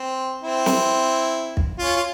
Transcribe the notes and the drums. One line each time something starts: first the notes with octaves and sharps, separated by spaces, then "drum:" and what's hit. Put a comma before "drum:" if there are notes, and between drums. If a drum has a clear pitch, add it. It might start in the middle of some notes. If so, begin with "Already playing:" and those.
Already playing: C4
C4 E4
drum: snare
drum: kick
C#4 F4
F4